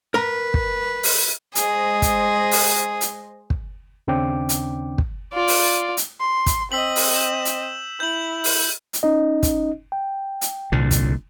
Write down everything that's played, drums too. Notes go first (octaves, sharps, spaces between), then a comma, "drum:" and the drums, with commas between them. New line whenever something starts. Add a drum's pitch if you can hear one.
A#4 B4 A#5
drum: kick
drum: open hi-hat
G#3 G#4 C5 D#5, drum: hi-hat
drum: kick, hi-hat
drum: open hi-hat
drum: hi-hat
drum: kick
D#2 C#3 C4 D4 G5 D6
drum: hi-hat
drum: kick
F4 D5
drum: open hi-hat
drum: hi-hat
C6
drum: kick, hi-hat
C4 D#5 E6 B6 F#7
drum: open hi-hat
E6 G6 E7
drum: hi-hat
E4 G6 F#7
drum: open hi-hat
drum: hi-hat
C#4 D#4 D#5
drum: kick, hi-hat
G5
drum: hi-hat
C2 A#2 D3
drum: kick, hi-hat